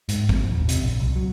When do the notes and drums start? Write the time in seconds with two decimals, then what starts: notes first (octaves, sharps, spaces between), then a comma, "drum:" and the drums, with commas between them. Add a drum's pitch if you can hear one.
0.09 G#2, drum: hi-hat
0.29 F2, drum: kick
0.50 D#1
0.69 C3, drum: hi-hat
0.83 A#1
1.00 C2
1.16 F#3